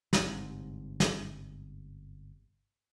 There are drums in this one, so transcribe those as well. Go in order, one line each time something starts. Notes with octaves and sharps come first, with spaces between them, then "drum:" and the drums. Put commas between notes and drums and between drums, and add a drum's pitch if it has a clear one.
G1 G#2 C3, drum: snare
drum: snare